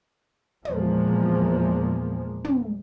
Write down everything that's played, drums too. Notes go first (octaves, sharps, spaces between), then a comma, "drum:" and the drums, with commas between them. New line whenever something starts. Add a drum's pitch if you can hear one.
E2 A#2 F3 G#3 A#3, drum: tom
drum: tom